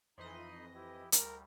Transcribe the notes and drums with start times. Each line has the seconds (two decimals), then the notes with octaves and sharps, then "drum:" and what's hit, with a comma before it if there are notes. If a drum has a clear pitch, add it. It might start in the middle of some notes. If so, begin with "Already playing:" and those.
0.18 F2 E3 D#4 D#5 B5 C6
0.75 E4 G4
1.12 D2 G3 A#4, drum: hi-hat